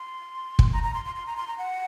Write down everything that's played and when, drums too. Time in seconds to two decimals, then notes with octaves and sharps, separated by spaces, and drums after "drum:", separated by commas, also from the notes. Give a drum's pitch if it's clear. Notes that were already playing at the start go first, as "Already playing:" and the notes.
Already playing: C6
0.59 drum: kick
0.73 A#5
0.83 A#5
0.94 C6
1.05 C6
1.15 C6
1.26 A#5
1.37 C6
1.48 A#5
1.58 F#5